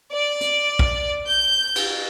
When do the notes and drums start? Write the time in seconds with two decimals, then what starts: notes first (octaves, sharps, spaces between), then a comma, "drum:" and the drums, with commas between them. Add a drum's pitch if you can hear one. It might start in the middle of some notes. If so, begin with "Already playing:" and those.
0.13 D5
0.41 drum: hi-hat
0.79 drum: kick
1.27 G6
1.76 drum: cymbal